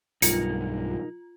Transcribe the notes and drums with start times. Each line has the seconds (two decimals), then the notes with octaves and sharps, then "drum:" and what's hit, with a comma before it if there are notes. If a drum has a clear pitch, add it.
0.22 B1 G2 D#4 F4 A#4 C#7, drum: hi-hat